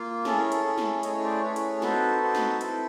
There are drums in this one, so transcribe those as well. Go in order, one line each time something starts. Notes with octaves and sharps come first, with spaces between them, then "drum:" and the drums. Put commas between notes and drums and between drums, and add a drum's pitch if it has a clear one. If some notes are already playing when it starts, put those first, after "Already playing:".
Already playing: A#3 F4
C#4 E4 G#4 A4, drum: snare
A#4
A4, drum: hi-hat
C#4 E4 G#4
drum: snare
A3 C#4 E4 G#4 C#5 D#5, drum: hi-hat
C5 D5
A3 C#4 E4 G#4 B4 C#5
drum: hi-hat
C4 D#4 F#4 A4 B4, drum: snare
C4 D#4 F#4
drum: snare
C4 E4 A4, drum: hi-hat